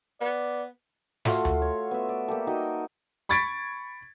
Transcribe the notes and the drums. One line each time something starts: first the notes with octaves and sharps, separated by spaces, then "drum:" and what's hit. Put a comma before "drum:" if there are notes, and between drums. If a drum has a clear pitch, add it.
B3 D5
A3 F4 F#4, drum: snare
drum: tom D2
C#5
B3 E5
D5
A#3 G4 A4
D#4 F#4 D#5 G5
B5 C#6 G#6 A6 B6 D7, drum: hi-hat